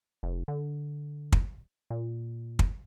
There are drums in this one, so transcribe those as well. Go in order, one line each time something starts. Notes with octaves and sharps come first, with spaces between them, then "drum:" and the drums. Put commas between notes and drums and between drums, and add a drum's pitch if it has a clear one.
F1
D3
drum: kick
A#2
drum: kick